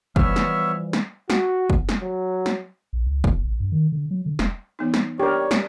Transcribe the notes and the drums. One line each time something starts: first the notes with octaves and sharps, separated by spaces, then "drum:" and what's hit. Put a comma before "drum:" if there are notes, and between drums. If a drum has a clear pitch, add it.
E3 F3 G3 B3 C#5 E5 F6, drum: kick
drum: snare
drum: snare
F#4, drum: snare
drum: kick
drum: snare
F#3
drum: snare
A#1
C#2
D1, drum: kick
A1
G2
D#3
D3
F#3
D3
F1, drum: snare
E3 B3 D#4
drum: snare
D4 G4 A#4 C#5 D5
drum: snare